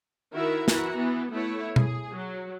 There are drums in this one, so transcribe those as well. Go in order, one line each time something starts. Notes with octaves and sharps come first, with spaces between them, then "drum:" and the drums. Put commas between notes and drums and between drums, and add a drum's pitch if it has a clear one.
D#3 E4 F#4 A#4 E5
E3 E4 F#4 A#5, drum: snare
E3 B3
A3 B3 E4 C#5
G#4, drum: tom B2
F#3